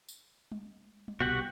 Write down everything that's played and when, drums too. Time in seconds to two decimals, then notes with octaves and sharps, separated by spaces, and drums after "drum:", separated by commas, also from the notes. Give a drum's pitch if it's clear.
0.09 drum: tambourine
0.52 drum: tom G3
1.08 drum: tom G3
1.20 C2 B2 F#4 G4 F#5